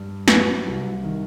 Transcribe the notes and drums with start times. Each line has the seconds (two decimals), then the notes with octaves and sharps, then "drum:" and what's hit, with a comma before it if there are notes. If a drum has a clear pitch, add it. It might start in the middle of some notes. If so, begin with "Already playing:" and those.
Already playing: G2
0.28 F#3 B4, drum: snare
0.66 C2
1.03 D#3